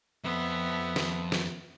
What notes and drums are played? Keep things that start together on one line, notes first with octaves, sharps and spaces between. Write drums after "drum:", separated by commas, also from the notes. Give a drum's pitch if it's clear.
F2 B3 C5 E5
drum: snare
drum: snare